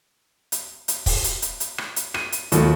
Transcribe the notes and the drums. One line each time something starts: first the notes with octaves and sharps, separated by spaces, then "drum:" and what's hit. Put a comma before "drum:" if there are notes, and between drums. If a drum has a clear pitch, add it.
drum: hi-hat
drum: hi-hat
drum: kick, open hi-hat
drum: hi-hat
drum: hi-hat
drum: hi-hat
drum: rim click
drum: hi-hat
D#7, drum: rim click
drum: hi-hat
D#2 B2 F3 A3, drum: hi-hat